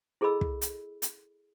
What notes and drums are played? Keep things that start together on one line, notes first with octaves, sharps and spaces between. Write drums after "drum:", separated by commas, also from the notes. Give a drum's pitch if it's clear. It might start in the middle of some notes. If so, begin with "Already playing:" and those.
E4 G#4 A4 D#5 B5 E6
drum: kick
drum: hi-hat
drum: hi-hat